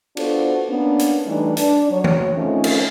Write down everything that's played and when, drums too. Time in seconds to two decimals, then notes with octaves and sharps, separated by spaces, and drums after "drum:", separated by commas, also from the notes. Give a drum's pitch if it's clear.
0.17 B3 D4 F4 F#4 A4 C5, drum: cymbal
0.69 A#3 B3 C#4 D4
0.99 drum: hi-hat
1.26 E3 G3 A3 D4 D#4 B4
1.57 D4, drum: hi-hat
1.90 F#3 C#5
2.04 drum: tom E3
2.36 D#3 F3 A3 C4 C#4
2.64 drum: cymbal